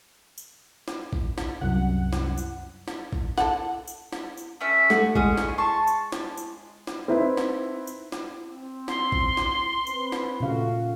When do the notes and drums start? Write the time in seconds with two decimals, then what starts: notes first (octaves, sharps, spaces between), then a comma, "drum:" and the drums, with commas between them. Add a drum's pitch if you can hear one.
0.38 drum: tambourine
0.88 drum: snare
1.13 drum: kick
1.38 drum: snare
1.61 C2 F#2 F#5
2.13 drum: snare
2.38 drum: tambourine
2.88 drum: snare
3.13 drum: kick
3.38 A4 F#5, drum: snare
3.88 drum: tambourine
4.13 drum: snare
4.38 drum: tambourine
4.61 A3 C#4 E5
4.90 A3 F#4, drum: snare
5.15 G#3 C#4 G#4, drum: kick
5.37 drum: snare
5.58 A5 C6 C#6
5.87 drum: tambourine
6.12 drum: snare
6.37 drum: tambourine
6.87 drum: snare
7.08 C4 D#4 E4 B4
7.37 drum: snare
7.87 drum: tambourine
8.12 drum: snare
8.45 C4
8.88 C6, drum: snare
9.12 drum: kick
9.37 drum: snare
9.87 C4 B4, drum: tambourine
10.12 drum: snare
10.40 A#2 C#3 A3 F4 F#4 F5